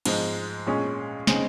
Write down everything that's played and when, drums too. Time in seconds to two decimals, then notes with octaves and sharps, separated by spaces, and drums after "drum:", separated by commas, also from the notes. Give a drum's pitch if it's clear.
0.05 G#2 F3 G#3, drum: cymbal
0.67 A#2 G#3 C#4 G#4
1.27 C#3 G#3 C4 D#4 G#4, drum: snare